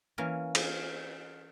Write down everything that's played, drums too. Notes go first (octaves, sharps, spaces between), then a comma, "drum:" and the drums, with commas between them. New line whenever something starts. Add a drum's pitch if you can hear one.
E3 A#3 C#4 A#4
drum: cymbal